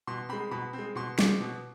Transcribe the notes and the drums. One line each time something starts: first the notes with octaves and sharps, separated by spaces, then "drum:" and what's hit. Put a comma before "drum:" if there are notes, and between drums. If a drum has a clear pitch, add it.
B2 C6
G#3 C4 B5
B2 B5
C4
G#3
B2 C6
G#3 C4 D6, drum: snare
B2